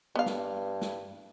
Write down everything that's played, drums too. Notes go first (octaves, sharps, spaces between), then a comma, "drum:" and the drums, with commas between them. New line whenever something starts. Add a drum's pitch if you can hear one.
G2 B3 F5
drum: snare
drum: snare